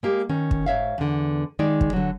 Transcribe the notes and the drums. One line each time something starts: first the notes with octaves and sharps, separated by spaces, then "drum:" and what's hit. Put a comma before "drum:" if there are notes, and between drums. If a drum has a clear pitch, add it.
G#3 A#3 G4
D#3 C#4
drum: kick
G#2 C#5 E5 F5
E2 D3
D#3 G#3 D#4 D5
drum: kick
D3 F#3